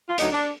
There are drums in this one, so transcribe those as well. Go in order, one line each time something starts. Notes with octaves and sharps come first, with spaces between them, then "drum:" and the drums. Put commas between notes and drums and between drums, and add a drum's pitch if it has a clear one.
F4
D2 D3 F#3 D4 D#4, drum: hi-hat
D4